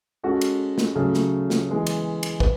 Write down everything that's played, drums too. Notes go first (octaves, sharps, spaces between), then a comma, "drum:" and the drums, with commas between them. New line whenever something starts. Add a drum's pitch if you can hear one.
G#3 C#4 F#4 A4
drum: cymbal
drum: snare
C#3 F#3 A3
drum: snare
drum: snare
E3 G#3 B3
drum: cymbal
drum: cymbal
B4, drum: kick